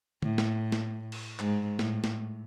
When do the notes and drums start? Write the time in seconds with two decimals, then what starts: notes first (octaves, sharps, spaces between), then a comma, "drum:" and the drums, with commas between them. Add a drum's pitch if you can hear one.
0.22 A2, drum: tom
0.38 drum: snare
0.72 drum: snare
1.12 drum: cymbal
1.39 G#2, drum: clap
1.79 A2, drum: snare
2.04 drum: snare